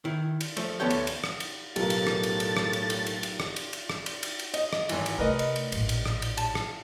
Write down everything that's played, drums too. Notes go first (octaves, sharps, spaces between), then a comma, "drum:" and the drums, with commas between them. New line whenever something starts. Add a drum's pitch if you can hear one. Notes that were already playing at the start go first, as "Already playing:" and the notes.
D#3 E4
drum: cymbal
F3 A3, drum: cymbal
D2 B3 G4 A4 C#5 G5
drum: cymbal
drum: cymbal
drum: rim click
drum: cymbal
B1 A2 F4 G4 A#4 A6, drum: cymbal
drum: cymbal
drum: rim click
drum: cymbal
drum: cymbal
drum: rim click
drum: cymbal
drum: cymbal
drum: cymbal
drum: cymbal
drum: rim click
drum: cymbal
drum: cymbal
drum: rim click
drum: cymbal
drum: cymbal
drum: cymbal
D#5, drum: cymbal
drum: rim click
G#1 E3, drum: cymbal
drum: cymbal
C3 A3 A#4 B4 D#5
drum: cymbal
drum: cymbal
A1 A#2, drum: cymbal
drum: cymbal
drum: rim click
drum: cymbal
A5, drum: cymbal
drum: rim click